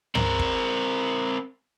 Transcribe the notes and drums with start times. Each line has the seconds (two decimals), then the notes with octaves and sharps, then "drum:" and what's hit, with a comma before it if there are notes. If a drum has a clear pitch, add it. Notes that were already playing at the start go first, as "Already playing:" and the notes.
0.15 C4 A#4, drum: tom
0.39 drum: kick